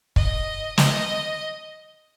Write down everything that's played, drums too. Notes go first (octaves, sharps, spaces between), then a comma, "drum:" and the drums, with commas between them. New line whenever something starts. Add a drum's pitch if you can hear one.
D#5, drum: kick
D#5, drum: snare